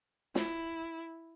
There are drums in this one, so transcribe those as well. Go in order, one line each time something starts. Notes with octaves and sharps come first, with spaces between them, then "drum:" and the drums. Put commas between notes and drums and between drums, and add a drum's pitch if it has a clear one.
E4, drum: snare